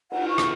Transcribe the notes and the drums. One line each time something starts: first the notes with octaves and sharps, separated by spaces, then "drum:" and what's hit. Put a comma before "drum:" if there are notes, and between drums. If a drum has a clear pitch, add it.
F4 F#5, drum: cymbal
C#6
drum: rim click